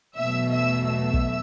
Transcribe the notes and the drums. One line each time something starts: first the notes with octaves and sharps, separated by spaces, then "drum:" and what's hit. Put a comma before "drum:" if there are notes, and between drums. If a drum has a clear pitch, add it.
E2 B2 F#3 A3 E5 E6
E5 E6
E5 E6
drum: kick